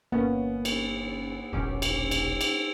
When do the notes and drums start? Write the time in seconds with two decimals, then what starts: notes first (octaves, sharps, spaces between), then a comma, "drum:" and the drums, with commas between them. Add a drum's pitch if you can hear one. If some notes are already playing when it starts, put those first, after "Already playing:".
0.12 G1 A#3 B3 C#4
0.65 drum: cymbal
1.53 E1 A#1 F#3 C#4 G4
1.82 drum: cymbal
2.11 drum: cymbal
2.41 drum: cymbal